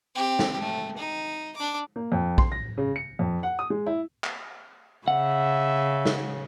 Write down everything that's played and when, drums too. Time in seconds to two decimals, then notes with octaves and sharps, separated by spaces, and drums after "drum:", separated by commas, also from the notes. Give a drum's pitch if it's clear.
0.15 C4 G4
0.39 drum: snare
0.59 A3
0.97 D#4
1.56 D4 D6
1.96 A#3
2.12 F2
2.38 C6, drum: kick
2.52 A#6
2.78 C#3
2.96 C#7
3.19 F2
3.43 F#5
3.59 D#6
3.70 G#3
3.86 E4
4.24 drum: clap
5.08 C#3 E5 F#5
6.05 drum: snare